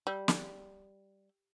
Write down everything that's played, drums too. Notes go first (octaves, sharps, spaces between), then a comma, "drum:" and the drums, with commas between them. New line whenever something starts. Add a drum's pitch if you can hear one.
G3
drum: snare